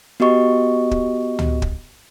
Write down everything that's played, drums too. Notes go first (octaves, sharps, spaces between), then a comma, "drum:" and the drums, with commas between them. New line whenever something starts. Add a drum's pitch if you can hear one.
B3 F#4 G4 D#5 C#6
drum: kick
drum: tom C#2
drum: kick